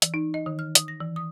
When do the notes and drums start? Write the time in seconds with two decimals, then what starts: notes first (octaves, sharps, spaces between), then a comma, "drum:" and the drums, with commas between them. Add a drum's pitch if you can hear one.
0.02 E3, drum: hi-hat
0.14 D#4
0.34 D#5
0.46 D#3
0.59 F6
0.75 D#6, drum: hi-hat
0.88 A#6
1.00 E3
1.16 D#6